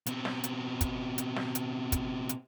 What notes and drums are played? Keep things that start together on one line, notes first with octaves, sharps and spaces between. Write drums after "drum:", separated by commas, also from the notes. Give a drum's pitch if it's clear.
B2 C4, drum: hi-hat
drum: snare
drum: hi-hat
drum: kick, hi-hat
drum: hi-hat
drum: snare
drum: hi-hat
drum: kick, hi-hat
drum: hi-hat